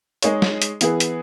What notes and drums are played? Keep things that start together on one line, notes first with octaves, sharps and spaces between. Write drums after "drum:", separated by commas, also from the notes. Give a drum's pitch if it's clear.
G#3 D#4 G#4 C#5, drum: hi-hat
drum: snare
drum: hi-hat
E3 B3 E4 G#4, drum: hi-hat
drum: hi-hat